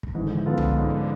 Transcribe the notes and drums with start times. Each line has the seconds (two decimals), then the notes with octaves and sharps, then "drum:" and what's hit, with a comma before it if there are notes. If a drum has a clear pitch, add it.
0.03 drum: kick
0.15 G#2 E3
0.24 D3
0.34 E3
0.46 D3 F3 B3 F4 A4
0.57 drum: tom C2
0.76 G#2